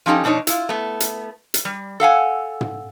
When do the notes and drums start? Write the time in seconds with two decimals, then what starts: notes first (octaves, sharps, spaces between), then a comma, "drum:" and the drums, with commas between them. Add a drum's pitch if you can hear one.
0.06 F3 C#4 D#4 G4 A4
0.24 F2 B2 D4 D#4 C#5
0.47 E4 F4, drum: hi-hat
0.69 A3 B3
1.00 drum: hi-hat
1.54 drum: hi-hat
1.65 G3
2.00 A4 F5 F#5 G#5
2.61 drum: tom